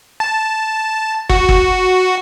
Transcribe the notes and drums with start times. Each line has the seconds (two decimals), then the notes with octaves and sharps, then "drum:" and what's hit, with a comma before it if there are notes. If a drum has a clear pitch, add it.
0.20 A5
1.30 F#4, drum: kick
1.49 drum: kick